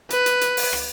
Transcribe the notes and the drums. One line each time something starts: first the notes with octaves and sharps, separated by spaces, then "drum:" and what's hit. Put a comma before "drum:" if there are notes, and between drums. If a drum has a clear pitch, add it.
B4, drum: hi-hat
drum: hi-hat
drum: hi-hat
drum: open hi-hat
drum: rim click